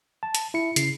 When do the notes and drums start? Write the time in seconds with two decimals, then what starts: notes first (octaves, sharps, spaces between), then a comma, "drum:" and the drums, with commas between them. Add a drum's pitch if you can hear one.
0.23 A5
0.35 drum: hi-hat
0.54 E4 C#7
0.76 C#3 C7, drum: hi-hat